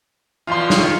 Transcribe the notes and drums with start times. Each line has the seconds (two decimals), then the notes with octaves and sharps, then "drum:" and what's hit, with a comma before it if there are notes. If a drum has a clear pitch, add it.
0.47 E2 B2 F3 F4 C6
0.70 drum: snare
0.80 D#3